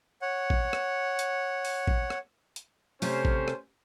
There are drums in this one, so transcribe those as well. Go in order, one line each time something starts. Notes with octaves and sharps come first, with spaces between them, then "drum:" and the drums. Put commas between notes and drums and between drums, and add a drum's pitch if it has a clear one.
C#5 F#5
drum: kick A1
drum: rim click
drum: hi-hat
drum: open hi-hat
drum: kick A1
drum: rim click
drum: hi-hat
C3 A3 C#4 C5, drum: open hi-hat
drum: kick A1
drum: rim click